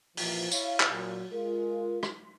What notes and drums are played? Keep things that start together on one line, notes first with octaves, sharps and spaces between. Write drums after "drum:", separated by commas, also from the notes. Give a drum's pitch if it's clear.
A#2 E3 F3, drum: open hi-hat
E4 C#5 F5, drum: tambourine
drum: clap
A#2 F#3
G#3 F4 A#4
drum: rim click